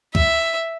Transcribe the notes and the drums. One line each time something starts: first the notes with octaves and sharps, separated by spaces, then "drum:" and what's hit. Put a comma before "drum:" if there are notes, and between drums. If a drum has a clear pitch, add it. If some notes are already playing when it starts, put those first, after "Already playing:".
E5, drum: kick